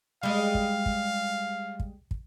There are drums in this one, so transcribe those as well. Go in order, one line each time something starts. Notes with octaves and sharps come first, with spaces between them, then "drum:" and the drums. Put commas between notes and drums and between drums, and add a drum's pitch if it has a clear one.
G3 G#3 F5
drum: kick
drum: kick
drum: kick
drum: kick